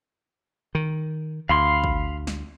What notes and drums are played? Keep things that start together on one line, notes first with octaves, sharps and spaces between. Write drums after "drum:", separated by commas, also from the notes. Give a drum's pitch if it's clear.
D#3
D2 F5 B5 C6
drum: kick
drum: snare